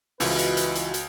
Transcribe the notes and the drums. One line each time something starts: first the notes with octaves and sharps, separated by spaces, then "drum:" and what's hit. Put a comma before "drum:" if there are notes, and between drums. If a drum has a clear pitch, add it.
C#2 E3 F4 F#4 B4 D#5, drum: open hi-hat
drum: hi-hat
drum: hi-hat
drum: hi-hat
drum: hi-hat